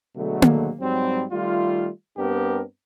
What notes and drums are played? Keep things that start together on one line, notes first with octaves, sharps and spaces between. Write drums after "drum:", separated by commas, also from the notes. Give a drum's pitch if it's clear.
B2 D3 F#3 G#3 A3
drum: tom A#3
G#2 F#3 G3 C4
D#3 G3 A3 F4
G2 B3 C4 D4 G4 A#4